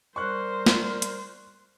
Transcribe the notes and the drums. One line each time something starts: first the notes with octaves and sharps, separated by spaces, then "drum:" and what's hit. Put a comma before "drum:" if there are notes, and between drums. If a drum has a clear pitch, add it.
G3 A#4 C5 C#6 F#6
drum: snare
drum: hi-hat